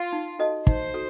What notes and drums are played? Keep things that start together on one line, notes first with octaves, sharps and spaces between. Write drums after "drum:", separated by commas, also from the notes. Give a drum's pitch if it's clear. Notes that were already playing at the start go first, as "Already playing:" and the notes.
Already playing: F4
D#4
F#4 A4 D#5 A5
D#4 C5, drum: kick
F#4 A4